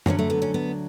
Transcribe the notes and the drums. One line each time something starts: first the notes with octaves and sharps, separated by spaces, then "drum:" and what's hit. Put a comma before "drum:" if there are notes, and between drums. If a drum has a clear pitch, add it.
D2 D3 F#3 C#4, drum: tom
A3
B3
C#4
B3